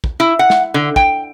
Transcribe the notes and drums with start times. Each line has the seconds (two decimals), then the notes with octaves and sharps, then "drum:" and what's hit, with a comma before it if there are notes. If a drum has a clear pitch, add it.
0.04 drum: kick
0.20 E4
0.39 F#5
0.50 drum: snare
0.74 D3
0.96 G5, drum: kick